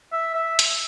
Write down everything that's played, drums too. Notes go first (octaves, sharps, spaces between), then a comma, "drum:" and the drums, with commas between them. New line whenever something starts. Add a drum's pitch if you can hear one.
E5
E5
drum: hi-hat